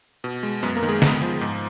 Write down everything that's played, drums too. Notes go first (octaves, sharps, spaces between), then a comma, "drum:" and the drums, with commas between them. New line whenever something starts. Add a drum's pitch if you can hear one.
B2
G#3
F#2 B3 B4
A#3 A#4
D#3
G#3 G#4
B3, drum: snare
F3
G#2